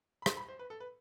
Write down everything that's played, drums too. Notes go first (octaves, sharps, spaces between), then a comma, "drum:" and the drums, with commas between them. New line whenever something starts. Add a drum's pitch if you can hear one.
B5
C6, drum: rim click
B5
C5
B4
A4
B4